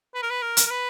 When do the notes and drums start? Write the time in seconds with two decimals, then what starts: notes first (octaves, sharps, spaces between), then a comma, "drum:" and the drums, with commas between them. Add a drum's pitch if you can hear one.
0.14 B4
0.23 A#4
0.30 B4
0.42 A#4
0.57 drum: hi-hat
0.67 A#4
0.71 B4